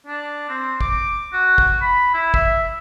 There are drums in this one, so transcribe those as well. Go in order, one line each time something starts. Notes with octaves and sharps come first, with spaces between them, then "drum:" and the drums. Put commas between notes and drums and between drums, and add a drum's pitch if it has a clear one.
D4
C4
D6, drum: kick
F#4
drum: kick
B5
E4
E5, drum: kick